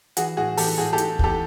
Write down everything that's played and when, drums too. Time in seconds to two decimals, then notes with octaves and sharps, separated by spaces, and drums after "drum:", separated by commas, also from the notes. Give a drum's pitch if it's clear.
0.17 E3 F#4 G#4, drum: hi-hat
0.37 A2 F#4 G#4
0.57 E3 G4 A4, drum: open hi-hat
0.77 A2 F#4 G#4
0.93 G4 A4
0.98 A2, drum: hi-hat
1.19 E3 G4 A4, drum: kick